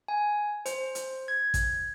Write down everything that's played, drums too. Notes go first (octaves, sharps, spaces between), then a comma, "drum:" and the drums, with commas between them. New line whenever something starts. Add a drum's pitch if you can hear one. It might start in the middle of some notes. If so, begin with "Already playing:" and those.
G#5
C5, drum: hi-hat
drum: hi-hat
G#6
drum: kick A1, hi-hat